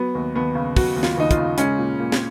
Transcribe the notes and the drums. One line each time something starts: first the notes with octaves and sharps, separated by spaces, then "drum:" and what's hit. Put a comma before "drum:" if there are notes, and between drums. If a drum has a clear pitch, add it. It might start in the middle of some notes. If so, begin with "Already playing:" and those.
Already playing: F#3 B3
D#2
D#2 B3
C#3
F#3 F#4, drum: kick, open hi-hat
D#2
F4, drum: snare
D#2 D#4
F4, drum: kick, hi-hat
C#3
G#3 C#4, drum: hi-hat
A#2
A#2
drum: snare